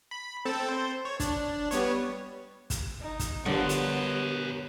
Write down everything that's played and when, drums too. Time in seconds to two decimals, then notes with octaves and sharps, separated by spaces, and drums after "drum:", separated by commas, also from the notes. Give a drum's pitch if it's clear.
0.11 B5
0.45 C4 A4 A5
0.68 C5
1.05 C#5
1.20 D4, drum: kick, hi-hat
1.71 G3 B3 C#5, drum: hi-hat
2.70 drum: kick, hi-hat
3.00 D#4
3.19 drum: kick, hi-hat
3.46 D3 G3 B3 G4 A#4 C#5
3.69 drum: hi-hat